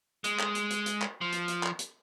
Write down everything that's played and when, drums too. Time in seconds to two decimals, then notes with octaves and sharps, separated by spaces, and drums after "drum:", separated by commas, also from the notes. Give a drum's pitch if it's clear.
0.24 G#3, drum: hi-hat
0.40 drum: clap
0.55 drum: hi-hat
0.70 drum: hi-hat
0.86 drum: hi-hat
1.01 drum: clap
1.21 F3
1.32 drum: hi-hat
1.48 drum: hi-hat
1.63 drum: clap
1.79 drum: hi-hat